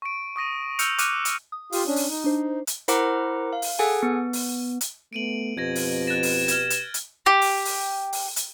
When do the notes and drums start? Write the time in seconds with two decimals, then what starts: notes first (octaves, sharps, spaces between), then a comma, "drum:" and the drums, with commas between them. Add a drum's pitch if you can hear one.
0.02 C#6 D7
0.36 C#6 D#6 A#6 D#7
0.79 E6 F6 G6 C#7 F7, drum: hi-hat
0.98 D6 F6 F#6 C#7 D#7, drum: hi-hat
1.25 drum: hi-hat
1.52 D#6
1.72 F4 G4 F5, drum: open hi-hat
1.86 C#4 D4
1.96 drum: open hi-hat
2.09 D#4
2.24 D4 C5
2.67 drum: hi-hat
2.88 E4 A#4 C5 F#5 A#5 D6, drum: hi-hat
3.53 F5
3.62 drum: open hi-hat
3.79 G#4 A4 F#5 G#5
4.03 B3
4.33 drum: open hi-hat
4.81 drum: hi-hat
5.13 A3 B3 D7 D#7 F#7
5.57 F2 B2 G4 B4 G#6 A#6
5.75 drum: open hi-hat
6.07 F#6 A6 A#6 E7
6.23 drum: open hi-hat
6.48 F6 G#6, drum: hi-hat
6.70 drum: hi-hat
6.94 drum: hi-hat
7.26 G4
7.41 drum: open hi-hat
7.65 drum: open hi-hat
8.13 drum: open hi-hat
8.36 drum: hi-hat